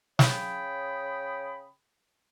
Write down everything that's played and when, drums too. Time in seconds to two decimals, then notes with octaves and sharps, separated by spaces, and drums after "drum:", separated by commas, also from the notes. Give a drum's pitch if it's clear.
0.19 C#3 C#5 G5 B5 D#6, drum: snare